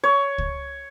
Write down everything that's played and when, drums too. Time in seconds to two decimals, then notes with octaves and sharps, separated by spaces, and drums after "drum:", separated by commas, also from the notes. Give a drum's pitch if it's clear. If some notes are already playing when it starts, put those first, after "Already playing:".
0.04 C#5
0.38 drum: kick C#2